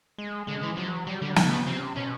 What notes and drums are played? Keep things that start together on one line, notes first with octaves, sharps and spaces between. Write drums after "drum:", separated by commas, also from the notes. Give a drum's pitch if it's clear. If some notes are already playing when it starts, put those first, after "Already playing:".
G#3
D3 G#3
E3
F3 F#3
F#3 G3
D3 G3
C#3 G#3, drum: snare
B3
C3 C4
B2 C#4